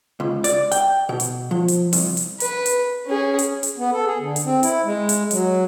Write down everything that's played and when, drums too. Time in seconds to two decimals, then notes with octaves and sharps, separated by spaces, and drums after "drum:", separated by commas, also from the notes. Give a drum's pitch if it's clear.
0.20 C#2
0.44 D5, drum: hi-hat
0.72 G5, drum: hi-hat
1.09 B2
1.20 drum: hi-hat
1.51 F3
1.68 drum: hi-hat
1.93 C2, drum: open hi-hat
2.17 drum: hi-hat
2.40 B4, drum: hi-hat
2.66 drum: hi-hat
3.06 C#4 G#4
3.39 drum: hi-hat
3.63 drum: hi-hat
3.78 B3
3.92 A4
4.07 G#4
4.20 D3
4.36 drum: hi-hat
4.45 C4
4.63 E4, drum: hi-hat
4.85 G#3
5.09 drum: hi-hat
5.31 F#3, drum: hi-hat